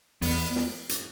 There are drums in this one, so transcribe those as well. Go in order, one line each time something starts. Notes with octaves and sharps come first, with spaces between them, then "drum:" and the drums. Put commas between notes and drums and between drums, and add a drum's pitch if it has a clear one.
E2 B3, drum: open hi-hat
drum: snare
drum: hi-hat